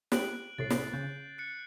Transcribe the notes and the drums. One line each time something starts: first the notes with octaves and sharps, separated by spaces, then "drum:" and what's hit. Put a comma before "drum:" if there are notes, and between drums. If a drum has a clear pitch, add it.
G4 F#6 D7 F#7, drum: snare
C2 A2 A6 C7
drum: snare
C#3 G6
F#6 C#7